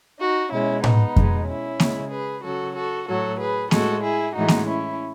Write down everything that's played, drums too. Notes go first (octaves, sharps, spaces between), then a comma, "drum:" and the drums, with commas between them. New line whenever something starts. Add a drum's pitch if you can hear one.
D#4 F#4
B2 G#3 C#4 E4
B3 D#4, drum: tom A2
B2 G#3, drum: kick F2
C#4 E4
C#3 G#3, drum: snare A#3
G#4 B4
C#3 F#3 F#4 A4
F#4 A4
A2 F#3 F#4 A4
G#4 B4
A2 G#3 F#4 A4, drum: snare A#3
E4 G#4
A2 E3 G#3 D#4 F#4
drum: snare A#3
C#4 E4